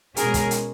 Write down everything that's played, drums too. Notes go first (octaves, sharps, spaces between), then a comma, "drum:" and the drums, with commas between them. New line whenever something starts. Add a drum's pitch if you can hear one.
B2 G#3 C#4 G#4 A#4, drum: hi-hat
drum: kick, hi-hat
drum: hi-hat